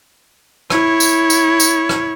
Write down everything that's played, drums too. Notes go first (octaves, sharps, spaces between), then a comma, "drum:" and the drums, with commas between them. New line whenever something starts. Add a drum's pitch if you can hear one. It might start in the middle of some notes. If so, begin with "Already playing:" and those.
E4 C#5, drum: rim click
drum: tambourine
drum: tambourine
drum: tambourine
drum: rim click